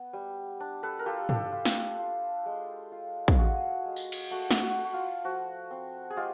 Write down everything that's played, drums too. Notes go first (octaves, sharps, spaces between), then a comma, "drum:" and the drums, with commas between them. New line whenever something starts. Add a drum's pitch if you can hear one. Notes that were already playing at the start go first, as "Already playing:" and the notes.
Already playing: B3
G3
D4
A4 B4
A#4
F4 G4 A4
G4 A4, drum: tom
F4
drum: snare
F4
G#3
F4
drum: kick
F4 F#4 G#4
G#3
drum: tambourine
drum: cymbal
A3 F#4
drum: snare
F#4
A3
F#4
F4
F3 F#4
C4
G#4
G#3 F4 G4